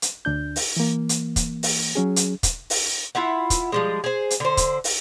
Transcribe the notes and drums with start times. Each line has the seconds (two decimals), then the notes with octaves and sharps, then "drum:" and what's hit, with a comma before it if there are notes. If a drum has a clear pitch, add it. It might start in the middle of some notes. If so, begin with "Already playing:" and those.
0.02 drum: hi-hat
0.25 D2 D4 G6
0.56 drum: open hi-hat
0.77 E3 A#3
1.09 drum: hi-hat
1.36 drum: kick, hi-hat
1.63 drum: open hi-hat
1.95 F#3 C#4 G#4
2.16 drum: hi-hat
2.43 drum: kick, hi-hat
2.70 drum: open hi-hat
3.15 E4 F4 E5 F#5
3.50 drum: kick, hi-hat
3.72 F3 G3 G#3
4.04 G#4 C5
4.31 drum: hi-hat
4.40 D3 C5
4.57 drum: kick, hi-hat
4.84 drum: open hi-hat